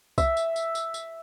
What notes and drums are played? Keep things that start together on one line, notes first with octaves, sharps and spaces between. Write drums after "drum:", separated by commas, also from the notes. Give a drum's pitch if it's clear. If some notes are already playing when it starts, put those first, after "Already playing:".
E5, drum: kick C2, tambourine
drum: tambourine
drum: tambourine
drum: tambourine
drum: tambourine